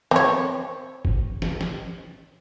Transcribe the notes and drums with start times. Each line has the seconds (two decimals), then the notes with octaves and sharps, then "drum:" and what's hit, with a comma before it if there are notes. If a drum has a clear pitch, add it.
0.11 C4 C#5, drum: snare
1.05 drum: kick F#1
1.42 drum: snare
1.61 drum: snare